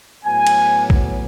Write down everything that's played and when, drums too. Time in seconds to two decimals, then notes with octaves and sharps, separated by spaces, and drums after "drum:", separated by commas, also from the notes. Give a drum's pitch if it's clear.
0.24 A2 F#3 B3 G#5
0.47 drum: cymbal
0.90 drum: kick A#1